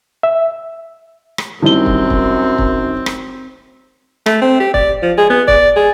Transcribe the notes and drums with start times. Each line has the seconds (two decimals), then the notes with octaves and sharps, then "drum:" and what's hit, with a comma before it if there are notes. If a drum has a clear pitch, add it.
0.23 E5
1.38 drum: rim click
1.62 F#2 D#3 G3 C4 D#4 E4 G7
1.86 drum: kick
2.10 drum: kick
2.58 drum: kick
3.06 drum: rim click
4.26 A3, drum: rim click
4.42 C4
4.60 G4
4.74 D5, drum: kick
5.02 F3
5.18 G#4
5.30 B3
5.48 D5, drum: kick
5.77 G#4